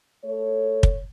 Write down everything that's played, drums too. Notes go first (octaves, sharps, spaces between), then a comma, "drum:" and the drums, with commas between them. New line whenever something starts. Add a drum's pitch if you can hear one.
A3 A4 C#5
drum: kick